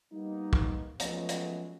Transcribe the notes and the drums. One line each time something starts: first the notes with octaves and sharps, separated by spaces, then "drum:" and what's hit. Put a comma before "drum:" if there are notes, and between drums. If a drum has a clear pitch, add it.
G3 A#3 B3 D#4
drum: kick
F3 F#3 G#3 A3 B3 C#4, drum: hi-hat
drum: hi-hat